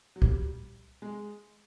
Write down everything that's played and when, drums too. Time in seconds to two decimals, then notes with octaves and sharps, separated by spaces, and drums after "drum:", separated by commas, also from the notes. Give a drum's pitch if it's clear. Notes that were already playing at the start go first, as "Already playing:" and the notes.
0.16 F#3
0.22 G3, drum: kick
1.02 G#3